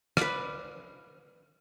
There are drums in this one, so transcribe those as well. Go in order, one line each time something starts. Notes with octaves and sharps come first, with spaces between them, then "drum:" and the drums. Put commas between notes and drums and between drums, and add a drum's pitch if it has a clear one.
B4 D5, drum: rim click